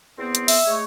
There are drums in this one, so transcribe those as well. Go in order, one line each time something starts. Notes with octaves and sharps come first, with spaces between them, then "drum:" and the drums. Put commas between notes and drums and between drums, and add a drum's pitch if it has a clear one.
E2 B3 C4
drum: hi-hat
E5, drum: open hi-hat
G#3 A3 C#5